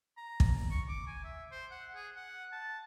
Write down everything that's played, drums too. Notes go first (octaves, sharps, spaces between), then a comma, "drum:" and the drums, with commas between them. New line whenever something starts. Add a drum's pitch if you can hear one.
A#5
drum: kick
C#6
D6
G#5
E5
C5
F#5
G#4
F#5
A5